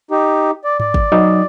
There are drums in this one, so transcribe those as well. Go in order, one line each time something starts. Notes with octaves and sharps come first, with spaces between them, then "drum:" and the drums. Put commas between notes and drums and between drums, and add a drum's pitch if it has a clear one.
D#4 G4
D5
D5, drum: tom G#2
drum: kick G#1
F#3 D#4 D#5